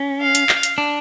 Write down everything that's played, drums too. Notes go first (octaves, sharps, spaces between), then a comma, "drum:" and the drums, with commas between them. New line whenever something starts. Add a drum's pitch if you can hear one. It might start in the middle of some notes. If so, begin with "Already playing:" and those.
Already playing: C#4
F5
drum: hi-hat
drum: clap
drum: hi-hat
D4